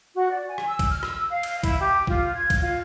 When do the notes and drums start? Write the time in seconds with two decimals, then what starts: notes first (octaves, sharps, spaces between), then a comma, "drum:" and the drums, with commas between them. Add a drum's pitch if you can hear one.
0.14 F#4
0.29 D5
0.49 G#5
0.58 drum: rim click
0.68 E6
0.79 drum: kick, cymbal
0.89 F6
1.03 E6, drum: rim click
1.29 F5
1.43 drum: cymbal
1.63 E4, drum: kick, cymbal
1.80 G4
2.07 F4, drum: kick
2.35 G#6
2.50 drum: kick, cymbal
2.61 F4